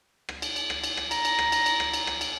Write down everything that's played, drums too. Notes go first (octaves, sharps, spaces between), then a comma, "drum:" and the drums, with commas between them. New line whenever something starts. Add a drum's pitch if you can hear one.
drum: rim click
drum: cymbal
drum: cymbal
drum: rim click
drum: cymbal
drum: rim click
A#5, drum: cymbal
drum: cymbal
drum: rim click
drum: cymbal
drum: cymbal
drum: rim click
drum: cymbal
drum: rim click
drum: cymbal